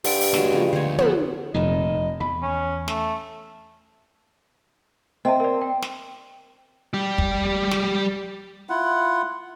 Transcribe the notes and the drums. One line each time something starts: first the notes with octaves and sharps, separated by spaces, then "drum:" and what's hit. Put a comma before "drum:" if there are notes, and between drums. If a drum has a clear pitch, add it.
G2 G4 C5 D5 F#5 D7, drum: open hi-hat
drum: open hi-hat
F#3 G#3 A#3 D4 C#5, drum: snare
C#3 F3
D2 C5 C#5
F3 B3 A4 B5, drum: tom
F1 F2 A#2 D#3 D#5
E2 B5
C#4
A3, drum: snare
C4 D#5 E5 A5
A#4 D5
G5
drum: snare
G3 G4
drum: kick
drum: snare
E4 F4 F#5